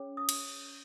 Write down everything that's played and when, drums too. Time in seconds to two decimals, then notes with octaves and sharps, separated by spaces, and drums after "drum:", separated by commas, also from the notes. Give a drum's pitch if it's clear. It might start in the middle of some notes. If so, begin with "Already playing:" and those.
Already playing: C#4 G#4 C#5
0.17 D#6
0.29 drum: cymbal